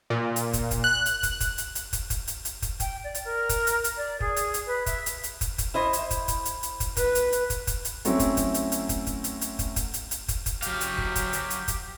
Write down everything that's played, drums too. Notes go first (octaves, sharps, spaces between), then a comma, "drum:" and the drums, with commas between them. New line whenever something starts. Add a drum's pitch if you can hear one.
A#2
drum: hi-hat
drum: kick, hi-hat
drum: kick, hi-hat
F#6
drum: hi-hat
drum: kick, hi-hat
drum: kick, hi-hat
drum: hi-hat
drum: hi-hat
drum: kick, hi-hat
drum: kick, hi-hat
drum: hi-hat
drum: hi-hat
drum: kick, hi-hat
G5, drum: kick, hi-hat
D5
drum: hi-hat
A#4
drum: kick, hi-hat
drum: hi-hat
drum: hi-hat
D5
G#4, drum: kick
drum: hi-hat
drum: hi-hat
B4
E5, drum: kick, hi-hat
drum: hi-hat
drum: hi-hat
drum: kick, hi-hat
drum: kick, hi-hat
E4 C5 D#5
drum: hi-hat
drum: kick, hi-hat
drum: kick, hi-hat
drum: hi-hat
drum: hi-hat
drum: kick, hi-hat
B4, drum: kick, hi-hat
drum: hi-hat
drum: hi-hat
drum: kick, hi-hat
drum: kick, hi-hat
drum: hi-hat
F#3 A3 C4 C#4 E4, drum: hi-hat
drum: kick, hi-hat
drum: kick, hi-hat
drum: hi-hat
drum: hi-hat
drum: kick, hi-hat
drum: kick, hi-hat
drum: hi-hat
drum: hi-hat
drum: kick, hi-hat
drum: kick, hi-hat
drum: hi-hat
drum: hi-hat
drum: kick, hi-hat
drum: kick, hi-hat
F#3 G4 F5, drum: hi-hat
drum: hi-hat
drum: kick
drum: kick, hi-hat
drum: hi-hat
drum: hi-hat
drum: kick, hi-hat